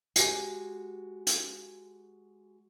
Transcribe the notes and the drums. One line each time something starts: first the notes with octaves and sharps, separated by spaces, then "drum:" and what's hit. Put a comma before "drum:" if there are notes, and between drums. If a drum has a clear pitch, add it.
G#3 F#4 G4 G#5, drum: hi-hat
drum: hi-hat